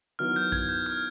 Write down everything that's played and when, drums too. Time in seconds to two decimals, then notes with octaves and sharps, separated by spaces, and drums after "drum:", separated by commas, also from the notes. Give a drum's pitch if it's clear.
0.19 D#3 F#3 B3 E4 F6
0.36 G6
0.52 G#6, drum: kick B1
0.69 G6
0.86 F6